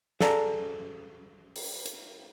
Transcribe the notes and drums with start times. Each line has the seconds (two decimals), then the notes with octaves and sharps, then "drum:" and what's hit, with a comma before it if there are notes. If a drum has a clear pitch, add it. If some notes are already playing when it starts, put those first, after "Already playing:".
0.21 G#4 A4 D5 F5 A5 A#5, drum: snare
1.56 drum: open hi-hat
1.86 drum: hi-hat